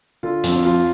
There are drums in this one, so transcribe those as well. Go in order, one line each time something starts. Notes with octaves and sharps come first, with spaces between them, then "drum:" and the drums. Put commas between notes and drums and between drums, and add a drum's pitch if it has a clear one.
D3 F4
F2, drum: hi-hat
F3 F4